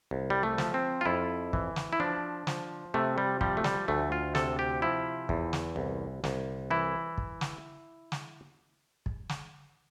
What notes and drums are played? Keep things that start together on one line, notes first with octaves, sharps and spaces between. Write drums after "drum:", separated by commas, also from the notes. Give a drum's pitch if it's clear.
C2
G3
A3
F3, drum: snare
C4
F4
F2 E4
E3, drum: kick
drum: snare
E4
F3 D4
F3, drum: snare
C3 A3
G3
F3 G3, drum: kick
A3
G3, drum: snare
D2 A3
F4
C3 A4, drum: snare
G4
F3 E4
E2, drum: kick
drum: snare
C2
C2, drum: snare
E3 E4
drum: kick
drum: snare
drum: snare
drum: kick
drum: snare